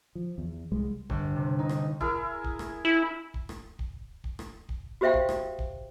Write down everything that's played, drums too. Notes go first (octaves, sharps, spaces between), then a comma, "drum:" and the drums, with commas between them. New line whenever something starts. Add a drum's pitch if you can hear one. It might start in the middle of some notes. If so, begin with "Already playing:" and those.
F3
E2
C2 G3 G#3
G1, drum: kick
C3
D#4
drum: rim click
E4 G#4 A#4, drum: kick
drum: kick
drum: rim click
E4
drum: kick
drum: rim click
drum: kick
drum: kick
drum: rim click
drum: kick
F#4 G4 C5 E5 F5 G5
drum: kick
drum: rim click
drum: kick